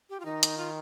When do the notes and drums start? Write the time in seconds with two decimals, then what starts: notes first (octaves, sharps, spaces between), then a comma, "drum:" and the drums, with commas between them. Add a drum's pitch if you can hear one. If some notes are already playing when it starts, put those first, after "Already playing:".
0.10 G4
0.20 F4
0.25 D#3 D#4
0.43 drum: hi-hat
0.57 F4